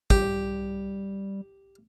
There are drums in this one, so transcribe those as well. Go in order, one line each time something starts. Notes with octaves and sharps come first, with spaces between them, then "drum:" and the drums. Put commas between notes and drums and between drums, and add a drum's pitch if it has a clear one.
G3 G4, drum: kick